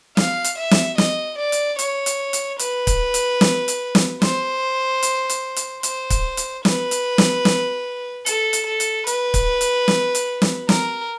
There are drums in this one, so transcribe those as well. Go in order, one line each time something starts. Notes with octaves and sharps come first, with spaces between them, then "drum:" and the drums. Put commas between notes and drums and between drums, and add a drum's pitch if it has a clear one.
F5, drum: snare
drum: hi-hat
E5
drum: snare
D#5, drum: snare
D5
drum: hi-hat
C#5, drum: hi-hat
drum: hi-hat
drum: hi-hat
B4, drum: hi-hat
drum: kick C#1, hi-hat
drum: hi-hat
drum: snare
drum: hi-hat
drum: snare
C5, drum: snare
drum: hi-hat
drum: hi-hat
drum: hi-hat
C5, drum: hi-hat
drum: kick C#1, hi-hat
drum: hi-hat
B4, drum: snare
drum: hi-hat
drum: snare
drum: snare
A4, drum: hi-hat
drum: hi-hat
A4
drum: hi-hat
B4, drum: hi-hat
drum: kick C#1, hi-hat
drum: hi-hat
drum: snare
drum: hi-hat
drum: snare
A#4, drum: snare